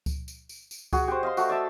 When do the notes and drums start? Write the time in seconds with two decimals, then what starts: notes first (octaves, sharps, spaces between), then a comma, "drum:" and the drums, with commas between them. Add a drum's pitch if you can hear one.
0.06 drum: kick C#2, tambourine
0.28 drum: tambourine
0.49 drum: tambourine
0.71 drum: tambourine
0.93 F#4 G#4, drum: kick C#2, tambourine
1.08 G4 C5
1.23 D#5 F5 G5 C6
1.37 A3 F#4, drum: tambourine
1.49 D5 E5 A5 E6